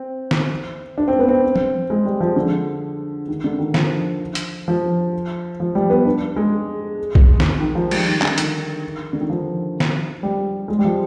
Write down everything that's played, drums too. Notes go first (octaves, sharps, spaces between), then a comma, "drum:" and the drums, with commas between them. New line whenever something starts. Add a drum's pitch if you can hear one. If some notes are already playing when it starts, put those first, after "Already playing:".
Already playing: C4
drum: snare
D4
C4
B3
C4
drum: tom
G#3
G3
F3
D3
D#3
D3
D#3
F3, drum: snare
drum: hi-hat
F3
F3
G3
B3
D4
G#3
drum: kick B1
drum: snare
D#3
F3
G3, drum: cymbal
D#3
D3, drum: clap
D#3, drum: hi-hat
D3
D#3
F3
drum: snare
G3
G#3
G3
F3